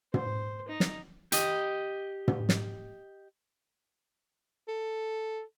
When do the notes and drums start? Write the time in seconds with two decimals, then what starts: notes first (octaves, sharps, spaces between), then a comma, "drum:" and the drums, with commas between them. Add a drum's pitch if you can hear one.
0.14 C5, drum: tom
0.68 D#4
0.80 drum: snare
1.32 G4 D#5, drum: hi-hat
2.28 drum: tom
2.49 drum: snare
4.68 A4